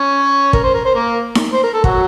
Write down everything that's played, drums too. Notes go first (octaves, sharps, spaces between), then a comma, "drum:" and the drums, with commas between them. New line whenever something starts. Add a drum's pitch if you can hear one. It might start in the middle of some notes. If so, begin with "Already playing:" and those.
Already playing: C#4 C#5
A#4, drum: kick
C5
A#4
C5
A#3 A#4
drum: snare D#4
C5
A#4
A4
F#3 F#4, drum: kick